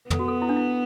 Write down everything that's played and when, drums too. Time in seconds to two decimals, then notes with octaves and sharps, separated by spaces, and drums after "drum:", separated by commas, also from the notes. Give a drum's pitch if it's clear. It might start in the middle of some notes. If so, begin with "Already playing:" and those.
0.10 B3 A4, drum: tom
0.19 F#4
0.28 A4
0.42 E4
0.49 D4
0.56 E4